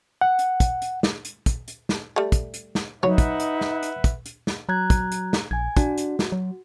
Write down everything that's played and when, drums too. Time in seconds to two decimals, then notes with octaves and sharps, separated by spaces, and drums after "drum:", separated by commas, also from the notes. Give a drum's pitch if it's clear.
0.21 F#5
0.39 drum: hi-hat
0.60 drum: kick, hi-hat
0.82 drum: hi-hat
1.03 drum: snare
1.25 drum: hi-hat
1.46 drum: kick, hi-hat
1.68 drum: hi-hat
1.89 drum: snare
2.16 G3 A3
2.32 drum: kick, hi-hat
2.54 drum: hi-hat
2.75 drum: snare
3.03 F#3 D#4 B4 C#5 E5 F#5
3.18 drum: kick, hi-hat
3.40 drum: hi-hat
3.61 drum: snare
3.83 drum: hi-hat
4.04 drum: kick, hi-hat
4.26 drum: hi-hat
4.47 drum: snare
4.69 F#3 A#5 F#6 G#6
4.90 drum: kick, hi-hat
5.12 drum: hi-hat
5.33 drum: snare
5.51 A#1 G#5 G#6
5.77 D4 F#4, drum: kick, hi-hat
5.98 drum: hi-hat
6.19 drum: snare
6.32 F#3